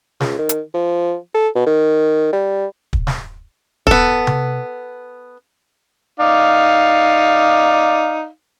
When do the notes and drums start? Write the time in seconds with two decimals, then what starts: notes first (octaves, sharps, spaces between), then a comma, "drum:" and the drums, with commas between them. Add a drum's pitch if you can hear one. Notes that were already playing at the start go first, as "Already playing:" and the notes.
0.20 C#2, drum: snare
0.39 D#3
0.49 drum: hi-hat
0.74 F3
1.34 A4
1.55 B2
1.67 D#3
2.33 G3
2.93 drum: kick
3.07 drum: snare
3.87 B3 A4, drum: kick
4.27 drum: tom C3
6.20 D#4 D5 F5